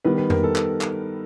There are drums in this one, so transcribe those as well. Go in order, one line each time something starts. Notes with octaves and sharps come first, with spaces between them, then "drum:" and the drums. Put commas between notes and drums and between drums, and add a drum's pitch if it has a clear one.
D#3 G3 B3 B4
B4
A#4, drum: tom F2
A4
drum: clap
drum: clap